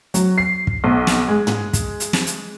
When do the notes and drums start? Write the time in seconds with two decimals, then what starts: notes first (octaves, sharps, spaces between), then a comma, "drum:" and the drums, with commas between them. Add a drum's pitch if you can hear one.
0.14 F#3, drum: hi-hat
0.38 C7
0.67 drum: kick
0.84 B1
1.07 drum: snare
1.28 G#3
1.47 drum: tom
1.73 drum: kick, hi-hat
2.00 drum: hi-hat
2.13 drum: snare
2.27 drum: hi-hat